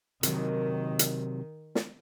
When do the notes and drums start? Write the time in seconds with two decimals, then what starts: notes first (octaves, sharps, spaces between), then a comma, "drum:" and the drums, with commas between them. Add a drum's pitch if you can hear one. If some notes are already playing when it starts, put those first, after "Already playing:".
0.23 C3 D#3 F#3, drum: hi-hat
0.99 drum: hi-hat
1.75 drum: snare